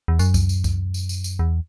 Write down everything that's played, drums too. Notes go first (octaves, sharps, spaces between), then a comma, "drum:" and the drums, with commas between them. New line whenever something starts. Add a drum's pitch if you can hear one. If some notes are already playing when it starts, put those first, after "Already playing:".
E2
F#2, drum: tambourine
drum: kick C#2, tambourine
drum: tambourine
drum: kick C#2, tambourine
drum: tambourine
drum: tambourine
drum: tambourine
E2